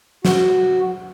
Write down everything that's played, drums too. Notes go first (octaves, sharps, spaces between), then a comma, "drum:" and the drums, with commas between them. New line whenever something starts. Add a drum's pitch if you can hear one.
F#4, drum: snare